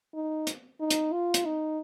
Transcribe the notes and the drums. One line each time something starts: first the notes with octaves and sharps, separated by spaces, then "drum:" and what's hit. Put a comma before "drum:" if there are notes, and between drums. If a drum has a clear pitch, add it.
D#4
drum: hi-hat
D#4
drum: hi-hat
F4
drum: hi-hat
D#4